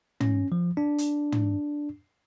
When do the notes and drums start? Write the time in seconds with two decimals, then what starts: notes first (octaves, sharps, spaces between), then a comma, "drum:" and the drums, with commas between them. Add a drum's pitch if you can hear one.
0.21 C#4, drum: tom
0.52 F3
0.77 D4
0.98 drum: hi-hat
1.32 drum: tom